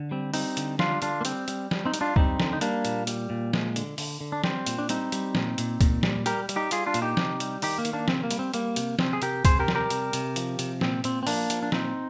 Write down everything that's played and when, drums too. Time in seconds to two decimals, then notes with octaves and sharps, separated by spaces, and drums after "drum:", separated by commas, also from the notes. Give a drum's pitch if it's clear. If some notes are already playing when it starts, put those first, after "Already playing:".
Already playing: D3
0.11 G3 C4
0.34 G3 C4 D#4, drum: open hi-hat
0.57 D3, drum: hi-hat
0.79 G3 D4 F4, drum: snare
1.02 D3 D4 F4, drum: hi-hat
1.21 A#3
1.25 G3 C4, drum: hi-hat
1.48 G3, drum: hi-hat
1.71 G3, drum: snare
1.85 C4 D#4
1.94 G3, drum: hi-hat
2.01 D4 F4
2.16 G3 C4 D#4, drum: kick
2.40 D3, drum: snare
2.53 D#4
2.61 G3 A#3 D4, drum: hi-hat
2.85 A#2, drum: hi-hat
3.07 G3, drum: hi-hat
3.30 A#2
3.53 G#3, drum: snare
3.76 D3, drum: hi-hat
3.98 D3, drum: open hi-hat
4.21 D3
4.32 D4
4.44 G3 C4, drum: snare
4.66 A#2, drum: hi-hat
4.78 D4
4.89 G3 C4 D#4, drum: hi-hat
5.12 G3, drum: hi-hat
5.35 A#2, drum: snare
5.58 A#2, drum: hi-hat
5.81 A#2, drum: kick, hi-hat
6.03 G3, drum: snare
6.26 G3 G4 A#4, drum: hi-hat
6.49 G3, drum: hi-hat
6.56 D#4 G4
6.71 G3 F4 G#4, drum: hi-hat
6.87 D4 F4
6.94 A#2, drum: hi-hat
7.02 D#4 G4
7.17 C3, drum: snare
7.40 G3, drum: hi-hat
7.62 D#3 D#4 G4, drum: open hi-hat
7.78 A#3
7.85 D#3, drum: hi-hat
7.93 A#3 D4
8.08 C3 C4, drum: snare
8.24 A#3
8.31 G3, drum: hi-hat
8.39 C4
8.54 G3 A#3, drum: hi-hat
8.76 C3, drum: hi-hat
8.99 C3 C4, drum: snare
9.13 G#4
9.22 C3 G4 A#4, drum: hi-hat
9.45 C3 G#4 C5, drum: kick, hi-hat
9.59 G4 A#4
9.68 G3, drum: snare
9.75 G4 A#4
9.90 C3, drum: hi-hat
10.13 C3, drum: hi-hat
10.36 F3, drum: hi-hat
10.59 C3, drum: hi-hat
10.81 A#2 C4, drum: snare
11.04 A#2 C4, drum: hi-hat
11.23 C4
11.27 F3 A#3 D4, drum: open hi-hat
11.50 F3, drum: hi-hat
11.63 D4
11.72 A#2 C4 D#4, drum: snare